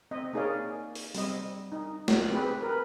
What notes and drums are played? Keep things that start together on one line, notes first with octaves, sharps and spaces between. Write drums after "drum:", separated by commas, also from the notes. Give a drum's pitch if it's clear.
C4 D#5
A#3 D#4 G#4 C#5 D5 F5
drum: open hi-hat
G3 C4 D#5, drum: open hi-hat
D#4
drum: snare
C4 G4 G#4 B4
A#4 B4